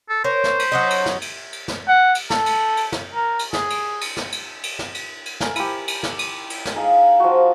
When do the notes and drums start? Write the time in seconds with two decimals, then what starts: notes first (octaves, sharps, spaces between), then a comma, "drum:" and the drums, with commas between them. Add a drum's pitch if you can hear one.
0.09 A4
0.24 A#4 C5 C#5
0.44 drum: snare
0.59 drum: cymbal
0.72 F#3 C#4 D#4
0.90 drum: cymbal
1.06 drum: snare
1.21 drum: cymbal
1.53 drum: cymbal
1.68 drum: snare
1.88 F#5
2.15 drum: cymbal
2.30 A4, drum: snare
2.46 drum: cymbal
2.77 drum: cymbal
2.92 drum: snare
3.15 A#4
3.39 drum: cymbal
3.53 G#4, drum: snare
3.70 drum: cymbal
4.01 drum: cymbal
4.17 drum: snare
4.32 drum: cymbal
4.63 drum: cymbal
4.79 drum: snare
4.94 drum: cymbal
5.26 drum: cymbal
5.40 A#4 G#5, drum: snare
5.56 E4 G4, drum: cymbal
5.88 drum: cymbal
6.03 drum: snare
6.19 drum: cymbal
6.50 drum: cymbal
6.65 drum: snare
6.75 D#4 G#4 F5 A#5
7.20 F3 F#4